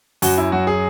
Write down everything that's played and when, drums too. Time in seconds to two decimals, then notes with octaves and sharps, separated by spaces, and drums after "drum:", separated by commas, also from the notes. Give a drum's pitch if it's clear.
0.22 F#2 F#4, drum: open hi-hat
0.38 E4
0.52 F#3 F#4
0.67 G#4